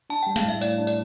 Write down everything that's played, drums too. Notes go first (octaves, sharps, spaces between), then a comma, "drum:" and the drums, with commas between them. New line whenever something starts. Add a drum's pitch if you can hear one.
D4 A5
G3 G5
F5, drum: snare
A2 E5
A2 D5, drum: tambourine
D4
D5, drum: tambourine